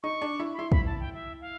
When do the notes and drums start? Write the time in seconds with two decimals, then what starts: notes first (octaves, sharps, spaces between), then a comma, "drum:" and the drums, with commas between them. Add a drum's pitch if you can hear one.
0.03 D#4 C#6
0.22 D4
0.40 E4
0.54 B5
0.58 E4 C6
0.72 B5, drum: kick
0.86 A5
1.00 G5
1.14 E5
1.41 F5